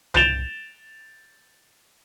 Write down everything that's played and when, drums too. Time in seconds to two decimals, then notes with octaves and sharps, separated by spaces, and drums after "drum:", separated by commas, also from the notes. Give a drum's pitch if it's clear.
0.14 G6 A6 D7 E7 F7 G7, drum: tom C2